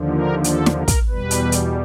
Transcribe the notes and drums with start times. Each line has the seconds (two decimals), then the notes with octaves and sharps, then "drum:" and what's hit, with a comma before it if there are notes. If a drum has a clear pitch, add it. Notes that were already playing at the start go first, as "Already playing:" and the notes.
Already playing: D#2 D3 F3
0.12 A#4
0.44 A4, drum: hi-hat
0.66 drum: snare
0.77 A#4
0.88 drum: kick, hi-hat
1.09 E2 B2 G3 B4
1.31 drum: hi-hat
1.52 drum: hi-hat